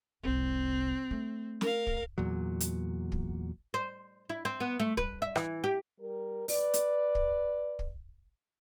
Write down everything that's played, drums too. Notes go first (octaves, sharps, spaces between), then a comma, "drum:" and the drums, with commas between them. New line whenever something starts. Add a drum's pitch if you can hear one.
F1 C2 C4
A3
A#4 F5, drum: snare
drum: kick
E2 A#2 F#3
drum: hi-hat
drum: kick
C5
E4
C4
B3
A3
B4, drum: kick
E5
E3, drum: rim click
G4
G3 A#4
B4 D5, drum: open hi-hat
drum: hi-hat
drum: kick
drum: kick